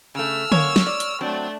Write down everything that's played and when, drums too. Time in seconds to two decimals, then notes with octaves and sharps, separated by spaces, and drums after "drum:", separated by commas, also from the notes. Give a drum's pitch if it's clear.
0.15 C#3 A3 E6 F6
0.52 F#2 A#3 C#5, drum: tom D3
0.76 drum: snare
0.87 D5
1.00 drum: hi-hat
1.21 F#3 A3 C4 D4